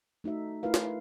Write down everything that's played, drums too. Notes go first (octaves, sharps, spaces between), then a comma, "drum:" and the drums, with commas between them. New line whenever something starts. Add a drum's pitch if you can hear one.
A3 D#4 F#4 E5
A3 E4 F4 A#4 B4 F5
drum: snare